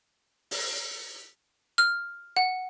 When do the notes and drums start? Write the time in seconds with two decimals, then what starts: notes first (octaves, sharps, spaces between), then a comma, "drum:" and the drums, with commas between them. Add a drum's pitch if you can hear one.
0.51 drum: open hi-hat
1.78 F6
2.37 F#5